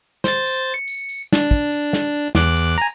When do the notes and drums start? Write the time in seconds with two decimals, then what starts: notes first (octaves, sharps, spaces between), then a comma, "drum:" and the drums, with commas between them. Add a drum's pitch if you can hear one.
0.24 C5 A6, drum: snare
0.45 drum: tambourine
0.74 C#7
0.88 drum: tambourine
1.09 drum: tambourine
1.33 D4, drum: snare
1.51 drum: kick, tambourine
1.72 drum: tambourine
1.93 drum: snare
2.14 drum: tambourine
2.35 E2 D6 F#6, drum: snare
2.57 drum: tambourine
2.78 G#5 A#5, drum: tambourine